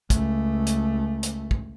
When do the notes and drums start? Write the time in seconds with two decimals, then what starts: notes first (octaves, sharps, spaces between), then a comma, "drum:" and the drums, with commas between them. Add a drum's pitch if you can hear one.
0.10 C#2 A3, drum: kick, hi-hat
0.67 drum: hi-hat
1.23 drum: hi-hat
1.51 drum: kick